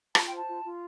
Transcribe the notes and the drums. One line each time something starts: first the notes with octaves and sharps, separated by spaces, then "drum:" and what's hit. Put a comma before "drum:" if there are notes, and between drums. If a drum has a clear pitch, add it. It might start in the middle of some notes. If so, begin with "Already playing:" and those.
F4 A5, drum: rim click
G5
C5 A5
F4
F4